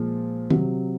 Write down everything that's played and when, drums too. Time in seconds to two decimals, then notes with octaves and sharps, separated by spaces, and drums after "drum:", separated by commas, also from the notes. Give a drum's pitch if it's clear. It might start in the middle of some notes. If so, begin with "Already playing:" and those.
Already playing: A#2 F3 G#3
0.50 C3 F#3, drum: tom D#3